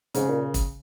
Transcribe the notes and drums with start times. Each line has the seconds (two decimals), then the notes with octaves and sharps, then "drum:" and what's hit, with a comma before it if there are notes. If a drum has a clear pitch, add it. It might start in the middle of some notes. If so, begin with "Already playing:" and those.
0.14 G#2 C#3, drum: hi-hat
0.30 A#2
0.54 drum: kick, hi-hat